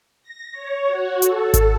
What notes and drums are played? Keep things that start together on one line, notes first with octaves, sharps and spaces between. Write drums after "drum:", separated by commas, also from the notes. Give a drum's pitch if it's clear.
A#6
C#5
F#4
A4, drum: hi-hat
drum: kick G#1, hi-hat